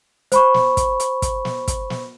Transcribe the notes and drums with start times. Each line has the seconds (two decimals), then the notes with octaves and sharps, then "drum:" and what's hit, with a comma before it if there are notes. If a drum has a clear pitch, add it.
0.32 C5 B5 C#6, drum: hi-hat
0.54 drum: snare
0.77 drum: kick, hi-hat
1.00 drum: hi-hat
1.22 drum: kick, hi-hat
1.45 drum: snare
1.68 drum: kick, hi-hat
1.90 drum: snare